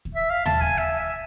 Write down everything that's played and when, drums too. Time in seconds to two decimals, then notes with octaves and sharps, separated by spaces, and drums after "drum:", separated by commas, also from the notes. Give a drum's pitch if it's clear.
0.05 drum: kick
0.15 E5
0.30 F5
0.46 A5, drum: tom D#2
0.61 G#5, drum: kick
0.78 E5
0.99 E5